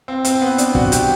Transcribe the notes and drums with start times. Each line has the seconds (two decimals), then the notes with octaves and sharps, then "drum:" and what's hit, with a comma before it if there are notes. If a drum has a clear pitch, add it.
0.08 C4
0.25 C4, drum: hi-hat
0.41 B3
0.58 D4, drum: hi-hat
0.75 F#4, drum: kick
0.92 G4, drum: hi-hat